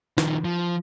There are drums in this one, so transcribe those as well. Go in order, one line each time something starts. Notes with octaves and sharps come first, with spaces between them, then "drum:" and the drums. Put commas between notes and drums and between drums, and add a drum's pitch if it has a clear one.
D#3 F3, drum: snare
F3